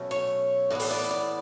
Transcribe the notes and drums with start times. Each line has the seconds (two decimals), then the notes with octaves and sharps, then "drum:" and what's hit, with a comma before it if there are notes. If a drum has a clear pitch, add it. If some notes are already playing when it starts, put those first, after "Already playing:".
Already playing: B2 F#3 A3 C#4
0.11 C#5
0.70 A2 E3 B3 D5
0.79 drum: open hi-hat
0.91 D5
1.11 D5